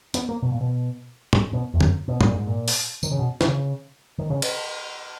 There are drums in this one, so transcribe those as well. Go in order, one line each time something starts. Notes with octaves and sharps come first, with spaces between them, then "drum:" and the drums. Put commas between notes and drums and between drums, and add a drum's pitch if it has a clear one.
B3, drum: hi-hat
A#3
B2
A#2
B2
drum: tom
B2
E2
F#2, drum: tom
B2
A#2, drum: tom
G#2
A#2
drum: open hi-hat
D#3, drum: tambourine
C#3
B2
D#3, drum: snare
C#3
D#3
C#3
drum: cymbal